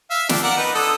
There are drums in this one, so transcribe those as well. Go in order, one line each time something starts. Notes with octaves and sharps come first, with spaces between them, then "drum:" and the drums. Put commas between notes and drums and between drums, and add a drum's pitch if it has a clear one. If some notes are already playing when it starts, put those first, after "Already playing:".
E5 F5
D4 G4, drum: snare
A#4 D5 F#5
D#4 B4
D3 A4 D#6